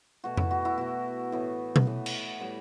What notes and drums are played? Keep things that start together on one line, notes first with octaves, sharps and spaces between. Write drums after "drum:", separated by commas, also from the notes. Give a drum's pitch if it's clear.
B2 A3 F#4
E4, drum: tom F2
F#4
E4
B2 A3 F#4
A2 E3 B3
drum: tom B2
A2 E3 B3
drum: cymbal
A2 G3 B3